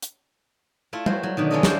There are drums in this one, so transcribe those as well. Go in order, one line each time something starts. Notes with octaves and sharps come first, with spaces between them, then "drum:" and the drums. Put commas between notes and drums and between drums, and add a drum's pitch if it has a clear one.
drum: hi-hat
A3 E4 F4
F#3 F#4 C5, drum: tom G3
F#3
B2 D3 D#3
G#3 C#4 F4 A4 A#4 D#5
E3 F4 C5 D5, drum: snare